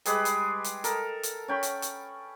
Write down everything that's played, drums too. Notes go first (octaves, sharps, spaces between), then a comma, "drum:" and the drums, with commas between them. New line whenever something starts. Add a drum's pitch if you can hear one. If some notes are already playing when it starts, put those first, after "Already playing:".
G3 G#3 G#4 B4, drum: hi-hat
drum: hi-hat
drum: hi-hat
A4 A#4, drum: hi-hat
drum: hi-hat
C#4 G5 B5 C#6
drum: hi-hat
drum: hi-hat